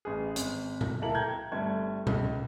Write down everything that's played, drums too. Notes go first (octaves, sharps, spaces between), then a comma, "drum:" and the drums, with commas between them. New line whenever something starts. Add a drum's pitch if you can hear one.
A1 G#4
G#1, drum: hi-hat
drum: tom A#2
D1 A#3 E4 A4 A#5 F#7
G5 A#5 G6 G#6
G1 G3 A3 G#6
C#2, drum: tom A#2